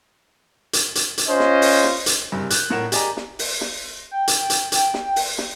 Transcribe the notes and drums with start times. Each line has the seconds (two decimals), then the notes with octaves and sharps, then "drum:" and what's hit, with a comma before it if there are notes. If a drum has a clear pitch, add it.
0.73 drum: hi-hat
0.95 drum: hi-hat
1.18 drum: hi-hat
1.29 C#4 F4 C5 D#5
1.40 drum: snare
1.62 drum: open hi-hat
1.84 drum: snare
2.06 drum: hi-hat
2.32 F#1 G2 C3
2.50 F#6 G6, drum: hi-hat
2.70 A#1 A2 A#4 F#5 E7
2.92 G4 G#4 D5 D#5 G#5 A#5, drum: hi-hat
3.17 drum: snare
3.39 drum: open hi-hat
3.61 drum: snare
4.11 G5
4.28 drum: hi-hat
4.50 drum: hi-hat
4.72 drum: hi-hat
4.94 drum: snare
5.16 drum: open hi-hat
5.38 drum: snare